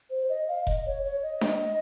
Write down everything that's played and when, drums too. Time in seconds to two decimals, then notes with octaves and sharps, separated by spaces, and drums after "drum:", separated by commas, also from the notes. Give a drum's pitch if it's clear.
0.10 C5
0.29 D#5
0.48 F5
0.67 D#5, drum: kick F1
0.86 C#5
1.04 C#5
1.22 D#5
1.41 drum: snare D4